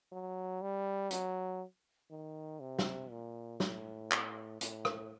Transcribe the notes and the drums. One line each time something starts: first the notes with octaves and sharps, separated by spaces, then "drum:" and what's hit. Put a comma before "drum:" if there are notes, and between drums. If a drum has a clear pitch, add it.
F#3
G3
F#3, drum: hi-hat
D#3
C3
drum: snare
A#2
A2, drum: snare
drum: clap
A2, drum: hi-hat
drum: rim click